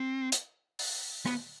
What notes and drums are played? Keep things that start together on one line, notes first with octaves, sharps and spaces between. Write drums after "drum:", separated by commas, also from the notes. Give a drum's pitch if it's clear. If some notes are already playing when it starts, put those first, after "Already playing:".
Already playing: C4
drum: hi-hat
drum: open hi-hat
B3, drum: rim click